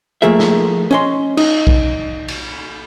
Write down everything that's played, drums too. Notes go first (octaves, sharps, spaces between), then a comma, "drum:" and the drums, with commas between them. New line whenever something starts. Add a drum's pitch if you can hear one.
F3 A3 A#3 G#4 E5
drum: snare
C#4 D#5 C6
D#4, drum: cymbal
drum: kick B1
drum: cymbal